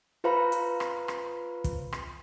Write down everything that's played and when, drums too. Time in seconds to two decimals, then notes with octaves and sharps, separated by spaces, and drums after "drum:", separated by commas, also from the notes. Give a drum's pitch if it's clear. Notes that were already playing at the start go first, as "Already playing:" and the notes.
0.24 F4 B4 C5 F5 A#5 B5
0.52 drum: hi-hat
0.80 drum: rim click
1.08 drum: rim click
1.64 drum: kick, hi-hat
1.92 drum: rim click